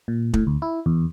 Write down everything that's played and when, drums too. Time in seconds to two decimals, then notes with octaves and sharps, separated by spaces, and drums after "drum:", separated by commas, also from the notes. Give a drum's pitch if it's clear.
0.08 A#2
0.34 A2, drum: kick
0.47 D2
0.62 E4
0.86 E2